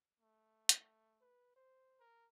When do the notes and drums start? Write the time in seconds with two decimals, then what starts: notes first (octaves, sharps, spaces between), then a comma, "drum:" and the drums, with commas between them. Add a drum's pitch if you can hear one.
0.20 A3
0.69 drum: hi-hat
1.21 B4
1.56 C5
2.00 A#4